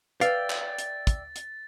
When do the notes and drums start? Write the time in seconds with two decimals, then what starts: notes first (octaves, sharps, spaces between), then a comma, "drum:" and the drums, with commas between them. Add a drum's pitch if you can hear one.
0.21 B4 D5 E5 F5 G5 A6, drum: hi-hat
0.50 drum: clap
0.79 drum: hi-hat
1.07 drum: kick, hi-hat
1.36 drum: hi-hat